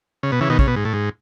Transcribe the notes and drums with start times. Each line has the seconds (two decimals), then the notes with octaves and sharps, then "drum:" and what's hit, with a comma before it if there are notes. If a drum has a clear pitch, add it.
0.23 C#3
0.32 B2
0.41 C#3 E3
0.50 B2 D#3
0.59 C#3, drum: kick
0.67 B2
0.76 G#2
0.85 A2
0.93 G#2